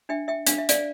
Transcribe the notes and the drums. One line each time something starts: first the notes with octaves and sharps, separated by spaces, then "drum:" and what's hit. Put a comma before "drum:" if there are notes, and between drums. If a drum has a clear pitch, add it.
D4 E5 G5
E5 G5
D4 F5, drum: hi-hat
E5
D5 F5, drum: hi-hat